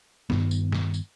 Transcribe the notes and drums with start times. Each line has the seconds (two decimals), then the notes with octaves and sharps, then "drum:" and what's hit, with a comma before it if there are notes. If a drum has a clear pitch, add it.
0.30 G2 D#3 B3, drum: snare
0.51 drum: tambourine
0.72 drum: snare
0.94 drum: tambourine